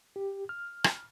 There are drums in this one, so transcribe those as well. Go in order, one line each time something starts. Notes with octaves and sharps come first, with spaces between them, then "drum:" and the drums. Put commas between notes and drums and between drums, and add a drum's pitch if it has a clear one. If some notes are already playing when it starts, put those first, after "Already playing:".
G4
F6
drum: rim click